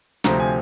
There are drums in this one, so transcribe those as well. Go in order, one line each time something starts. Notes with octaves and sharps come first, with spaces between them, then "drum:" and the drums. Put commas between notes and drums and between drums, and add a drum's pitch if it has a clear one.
D2 C3 F3 C4 A#5, drum: snare
G#5